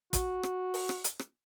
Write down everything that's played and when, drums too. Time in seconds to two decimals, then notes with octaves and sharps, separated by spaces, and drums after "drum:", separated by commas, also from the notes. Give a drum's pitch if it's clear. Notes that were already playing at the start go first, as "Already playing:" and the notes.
0.13 F#4, drum: kick, hi-hat
0.43 drum: rim click
0.74 drum: open hi-hat
0.89 drum: rim click
1.04 drum: hi-hat
1.19 drum: rim click